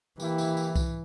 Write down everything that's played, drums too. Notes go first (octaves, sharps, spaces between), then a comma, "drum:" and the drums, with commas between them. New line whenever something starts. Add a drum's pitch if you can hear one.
E3 A#3 E4 G4, drum: tambourine
drum: tambourine
drum: tambourine
drum: kick C2, tambourine